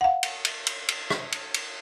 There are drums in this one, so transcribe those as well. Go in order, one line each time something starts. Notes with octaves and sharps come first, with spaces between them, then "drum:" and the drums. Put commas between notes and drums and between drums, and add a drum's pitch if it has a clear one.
F5 F#5
drum: cymbal
drum: cymbal
drum: cymbal
drum: cymbal
drum: rim click
drum: cymbal
drum: cymbal